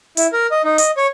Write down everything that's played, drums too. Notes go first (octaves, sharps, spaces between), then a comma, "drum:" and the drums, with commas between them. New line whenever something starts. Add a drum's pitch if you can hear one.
E4, drum: hi-hat
A#4
D#5
D#4
D#5, drum: hi-hat
C#5